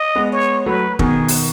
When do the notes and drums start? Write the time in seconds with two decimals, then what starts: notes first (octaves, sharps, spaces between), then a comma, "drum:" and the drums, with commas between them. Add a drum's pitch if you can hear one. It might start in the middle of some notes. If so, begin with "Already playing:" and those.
Already playing: D#5
0.15 G#3 B3
0.32 C#5
0.66 F#3 A3 B4
0.99 B2 D#3 G#4, drum: kick
1.28 drum: open hi-hat